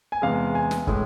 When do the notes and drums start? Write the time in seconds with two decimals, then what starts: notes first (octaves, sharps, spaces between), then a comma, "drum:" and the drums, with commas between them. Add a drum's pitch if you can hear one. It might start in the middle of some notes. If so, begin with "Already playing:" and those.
0.12 G#5
0.22 E2 C3 G#3 F5
0.55 G#5
0.71 drum: snare
0.87 A2 G#3, drum: kick